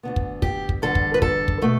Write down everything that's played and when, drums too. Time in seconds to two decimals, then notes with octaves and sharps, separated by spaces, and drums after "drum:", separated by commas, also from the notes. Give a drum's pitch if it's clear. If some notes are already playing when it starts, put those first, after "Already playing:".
0.03 D2 D3 B3
0.16 drum: kick
0.42 G4, drum: kick
0.69 drum: kick
0.82 E2 D3 G3 A4
0.95 drum: kick
1.14 B4
1.22 A4, drum: kick
1.48 drum: kick
1.62 B2 A3